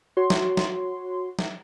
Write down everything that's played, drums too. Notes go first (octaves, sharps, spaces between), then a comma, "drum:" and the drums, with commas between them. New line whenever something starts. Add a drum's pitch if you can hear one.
F#4 C#5 C6
drum: snare
drum: snare
drum: snare